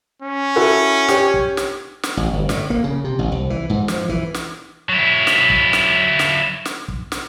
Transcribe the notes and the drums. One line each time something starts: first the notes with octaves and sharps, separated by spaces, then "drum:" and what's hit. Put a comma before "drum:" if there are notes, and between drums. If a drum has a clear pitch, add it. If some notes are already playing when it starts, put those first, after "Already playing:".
C#4
E4 F#4 A4
G4 C#5, drum: snare
drum: kick
drum: snare
drum: snare
A1
G1
A2, drum: snare
A#3, drum: kick
C#3
C3
A1
C2
E3
G#2
F3, drum: snare
E3, drum: kick
drum: snare
F#3 E4
drum: snare
drum: kick
drum: snare
drum: snare
drum: snare
drum: kick
drum: snare